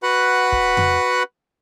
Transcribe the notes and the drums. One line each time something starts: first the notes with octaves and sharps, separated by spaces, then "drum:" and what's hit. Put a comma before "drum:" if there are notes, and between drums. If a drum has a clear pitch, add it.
F#4 B4 F#5 B5 F#6
drum: kick
drum: tom F2